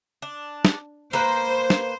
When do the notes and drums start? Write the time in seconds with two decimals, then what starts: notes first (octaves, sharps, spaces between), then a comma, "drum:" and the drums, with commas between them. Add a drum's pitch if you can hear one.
0.22 D4
0.65 drum: snare
1.13 A#3 B4 C5
1.70 drum: snare